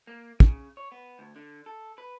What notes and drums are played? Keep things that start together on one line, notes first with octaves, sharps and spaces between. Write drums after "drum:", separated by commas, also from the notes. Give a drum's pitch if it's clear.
A#3
C#3, drum: kick
C#5
B3
D2
D3
A4
B4